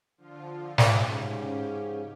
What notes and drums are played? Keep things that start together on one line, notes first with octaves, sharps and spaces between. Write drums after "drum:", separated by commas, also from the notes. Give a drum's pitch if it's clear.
D3 F3 F4
drum: snare
G#2 C#3 C#4 G4